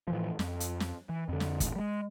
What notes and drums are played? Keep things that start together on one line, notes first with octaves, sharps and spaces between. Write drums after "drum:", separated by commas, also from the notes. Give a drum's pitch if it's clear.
A2 E3 F3
F2, drum: snare
drum: hi-hat
drum: snare
E3
F2 D3
drum: snare
D#1 A1, drum: kick G1, hi-hat
G3 G#3